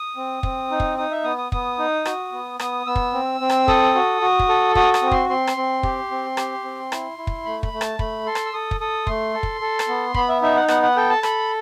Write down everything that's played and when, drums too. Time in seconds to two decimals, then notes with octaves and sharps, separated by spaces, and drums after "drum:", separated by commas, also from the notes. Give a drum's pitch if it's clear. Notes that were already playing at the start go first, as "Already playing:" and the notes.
Already playing: D#6
0.17 C4
0.43 C4, drum: kick
0.71 D#4
0.80 drum: kick
0.98 D#4 D#6
1.11 E5
1.24 B3 D#6
1.38 D#6
1.52 B3 D#6, drum: kick
1.79 D#4
2.05 F#4, drum: rim click
2.32 B3
2.59 B3 D#6, drum: rim click
2.86 B3 E6
2.96 drum: kick
3.13 C4
3.40 C4
3.50 drum: rim click
3.68 A4 D#6, drum: kick
3.95 F#4
4.21 F#4
4.39 drum: kick
4.49 A4
4.75 F#4 D#6, drum: kick
4.94 D#6, drum: rim click
5.02 C4
5.11 C6, drum: kick
5.29 C4 C6
5.47 drum: rim click
5.57 C4
5.83 G4, drum: kick
6.11 C4
6.37 G4, drum: rim click
6.64 C4
6.92 E4, drum: rim click
7.18 E4
7.27 drum: kick
7.45 A3 B5
7.63 B5, drum: kick
7.73 A3
7.81 A5, drum: rim click
7.99 A3 B5, drum: kick
8.26 A4 C6
8.35 drum: rim click
8.46 E6
8.53 A4 D#6
8.71 drum: kick
8.80 A4 D#6
9.07 A3 C6, drum: kick
9.34 A4
9.43 drum: kick
9.61 A4
9.79 drum: rim click
9.88 B3
10.14 B3 B5, drum: kick
10.29 E5
10.42 D#4 E5
10.56 F#5
10.68 B3 F#5, drum: rim click
10.83 F#5
10.96 A4 G5
11.09 A5
11.23 A4 B5, drum: rim click